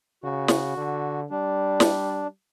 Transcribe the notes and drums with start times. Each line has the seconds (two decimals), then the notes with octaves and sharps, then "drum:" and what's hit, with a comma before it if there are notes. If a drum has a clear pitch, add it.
0.23 C#3 F#4
0.48 drum: snare
0.77 D3
1.30 G3 D4
1.80 drum: snare